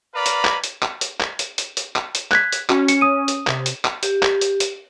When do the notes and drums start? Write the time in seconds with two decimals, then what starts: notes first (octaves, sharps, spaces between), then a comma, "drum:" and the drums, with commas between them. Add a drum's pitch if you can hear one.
0.14 A#4 B4 D5 F5 A#5 B5
0.26 drum: hi-hat
0.45 drum: clap
0.64 drum: hi-hat
0.82 drum: clap
1.01 drum: hi-hat
1.20 drum: clap
1.39 drum: hi-hat
1.58 drum: hi-hat
1.77 drum: hi-hat
1.96 drum: clap
2.15 drum: hi-hat
2.31 F#6 G#6 B6, drum: clap
2.52 drum: hi-hat
2.70 C#4 F#4, drum: clap
2.88 C#7, drum: hi-hat
3.01 D#6 D#7
3.28 drum: hi-hat
3.47 C3, drum: clap
3.66 drum: hi-hat
3.85 drum: clap
4.03 G4, drum: hi-hat
4.23 drum: clap
4.41 drum: hi-hat
4.60 drum: hi-hat